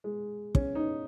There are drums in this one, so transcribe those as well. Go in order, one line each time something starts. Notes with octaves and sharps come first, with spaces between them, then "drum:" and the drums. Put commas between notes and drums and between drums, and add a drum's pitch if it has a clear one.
G#3
C#4, drum: kick
D#4